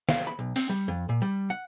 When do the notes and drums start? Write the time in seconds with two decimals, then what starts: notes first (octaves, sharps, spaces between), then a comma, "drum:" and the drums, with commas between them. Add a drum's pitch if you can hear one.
0.09 F5, drum: snare
0.27 B5
0.39 B1
0.56 C4, drum: open hi-hat
0.69 G3
0.88 F2
1.09 A#2
1.22 G3
1.50 F#5